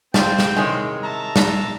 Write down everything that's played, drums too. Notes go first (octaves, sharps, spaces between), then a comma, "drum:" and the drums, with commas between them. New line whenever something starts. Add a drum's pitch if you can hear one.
C4 F4 C5 G5 A5, drum: snare
drum: snare
C3 D#3 G#3 C#4 E4 G#5
E5 A5 A#5
drum: snare